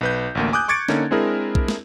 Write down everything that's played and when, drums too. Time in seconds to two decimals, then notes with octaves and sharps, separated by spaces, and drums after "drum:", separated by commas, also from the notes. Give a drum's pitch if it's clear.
0.01 B1 B4 G6
0.35 A1 D2 A#3
0.53 G#5 D6 D#6 F#6 G6
0.68 C#6 D6 G#6 A6 C#7 D7
0.89 D3 A#3 C#4 D#4, drum: snare
1.11 G#3 C4 D4 E4 G#4 A#4
1.55 drum: kick B1
1.68 drum: snare